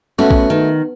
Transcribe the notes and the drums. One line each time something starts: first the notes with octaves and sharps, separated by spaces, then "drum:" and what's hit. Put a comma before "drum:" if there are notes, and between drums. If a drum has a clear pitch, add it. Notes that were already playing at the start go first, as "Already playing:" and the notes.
A3 B3 C#4 F#4
drum: kick
D#3